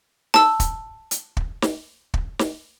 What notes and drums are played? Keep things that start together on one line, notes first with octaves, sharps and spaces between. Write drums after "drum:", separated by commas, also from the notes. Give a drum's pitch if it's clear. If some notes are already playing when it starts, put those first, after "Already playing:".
A5 E6, drum: snare
drum: kick, hi-hat
drum: hi-hat
drum: kick
drum: snare
drum: kick
drum: snare